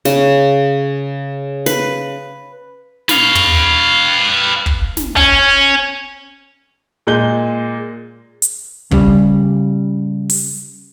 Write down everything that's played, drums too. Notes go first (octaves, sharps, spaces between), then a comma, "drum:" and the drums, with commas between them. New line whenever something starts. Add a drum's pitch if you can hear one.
C#3, drum: snare
B4, drum: snare
B4 F5, drum: snare
drum: tom
drum: kick
drum: snare
C#4, drum: kick
A#2 G#3 G6 G7
drum: hi-hat
C#3 G3, drum: kick
drum: open hi-hat